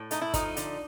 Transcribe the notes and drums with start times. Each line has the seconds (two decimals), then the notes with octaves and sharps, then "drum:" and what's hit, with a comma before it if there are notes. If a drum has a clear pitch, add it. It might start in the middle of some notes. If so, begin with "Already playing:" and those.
Already playing: A2
0.11 A3 D#4, drum: hi-hat
0.22 E4
0.34 F3 D#4, drum: kick, hi-hat
0.57 D3, drum: hi-hat